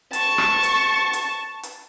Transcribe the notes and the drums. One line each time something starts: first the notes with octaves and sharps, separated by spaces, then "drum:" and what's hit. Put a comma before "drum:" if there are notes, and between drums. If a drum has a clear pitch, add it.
A5 C#6, drum: hi-hat
drum: rim click
drum: hi-hat
drum: hi-hat
drum: hi-hat